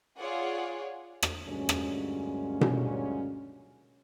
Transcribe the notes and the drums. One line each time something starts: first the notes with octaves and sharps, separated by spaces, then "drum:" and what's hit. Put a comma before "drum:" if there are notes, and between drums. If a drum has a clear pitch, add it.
F4 G#4 C#5 D5 F#5
drum: rim click
D2 G2 A#2 F#3 G#3 C#4
drum: rim click
drum: tom B2